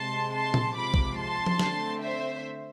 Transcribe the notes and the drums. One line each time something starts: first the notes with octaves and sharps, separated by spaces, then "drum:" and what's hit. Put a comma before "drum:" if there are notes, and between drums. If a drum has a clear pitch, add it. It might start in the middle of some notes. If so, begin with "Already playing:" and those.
Already playing: C3 G#3 C4 A5 C6
A5 C6
drum: tom A#2
C3 F3 G#3 B5 D6
drum: kick
A5 C6
drum: tom F3
D3 A3 C4, drum: snare
C5 E5